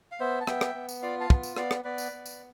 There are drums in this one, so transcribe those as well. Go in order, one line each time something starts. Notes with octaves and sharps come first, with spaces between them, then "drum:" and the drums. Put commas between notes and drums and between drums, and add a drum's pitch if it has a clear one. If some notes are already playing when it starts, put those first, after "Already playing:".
F5
B3 C5 E5
A5
B3 E5 G5, drum: rim click
drum: rim click
B3
drum: tambourine
F4 D5 F5
F5 A5
B3, drum: kick
drum: tambourine
B3 D5 F5, drum: rim click
drum: rim click
B3 B4 D5
drum: tambourine
B3
drum: tambourine